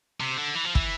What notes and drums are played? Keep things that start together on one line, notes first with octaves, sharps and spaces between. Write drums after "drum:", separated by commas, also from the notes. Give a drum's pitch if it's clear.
C3
D3
E3
F3
E3, drum: kick